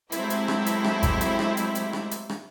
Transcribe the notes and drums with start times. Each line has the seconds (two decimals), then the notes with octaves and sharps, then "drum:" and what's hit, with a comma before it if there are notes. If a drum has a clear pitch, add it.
0.12 F#3 G#3 A3 C4 E4 G4, drum: hi-hat
0.30 drum: hi-hat
0.48 drum: rim click
0.66 drum: hi-hat
0.84 drum: rim click
1.03 drum: kick G1, hi-hat
1.21 drum: hi-hat
1.39 drum: rim click
1.57 drum: hi-hat
1.75 drum: hi-hat
1.93 drum: rim click
2.11 drum: hi-hat
2.29 drum: rim click